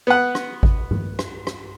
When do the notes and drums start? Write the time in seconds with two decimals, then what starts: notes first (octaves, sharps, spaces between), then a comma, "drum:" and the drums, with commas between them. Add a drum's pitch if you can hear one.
0.07 B3 F#5
0.35 drum: rim click
0.63 drum: kick G#1
0.91 drum: tom G2
1.19 drum: rim click
1.47 drum: rim click